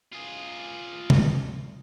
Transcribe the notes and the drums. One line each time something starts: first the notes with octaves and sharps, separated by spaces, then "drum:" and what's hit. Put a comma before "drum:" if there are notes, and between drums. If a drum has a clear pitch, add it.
F4 G#4
drum: tom C3